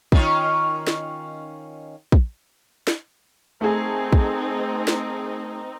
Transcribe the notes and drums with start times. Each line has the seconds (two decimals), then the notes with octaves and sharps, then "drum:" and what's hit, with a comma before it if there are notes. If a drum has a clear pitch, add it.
0.12 D#3 C#4 F4, drum: kick
0.87 drum: snare
2.12 drum: kick
2.87 drum: snare
3.61 A3 C4 D#4 G#4 A#4
4.13 drum: kick
4.88 drum: snare